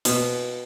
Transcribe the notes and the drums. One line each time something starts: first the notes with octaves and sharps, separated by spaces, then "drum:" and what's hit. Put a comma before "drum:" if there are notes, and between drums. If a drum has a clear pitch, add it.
B2, drum: hi-hat